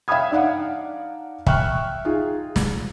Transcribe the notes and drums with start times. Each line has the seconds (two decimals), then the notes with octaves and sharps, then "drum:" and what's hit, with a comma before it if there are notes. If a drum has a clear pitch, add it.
0.08 E5 F5 G5 B5 D#6 G#6
0.31 D4 D#4 D5 F5 F#5
1.47 E5 G5 C#6 F6 F#6, drum: kick
2.05 D#4 F4 G#4
2.56 drum: snare